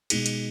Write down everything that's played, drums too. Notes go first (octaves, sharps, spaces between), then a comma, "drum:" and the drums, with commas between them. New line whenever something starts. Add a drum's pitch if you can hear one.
B2 G#3 D#4 G#4, drum: cymbal
drum: cymbal